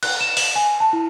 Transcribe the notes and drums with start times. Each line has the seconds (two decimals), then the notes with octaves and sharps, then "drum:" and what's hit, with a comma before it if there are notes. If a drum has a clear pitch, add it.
0.03 F#6, drum: cymbal
0.21 E7
0.37 E7, drum: open hi-hat
0.56 G#5
0.80 A5
0.93 E4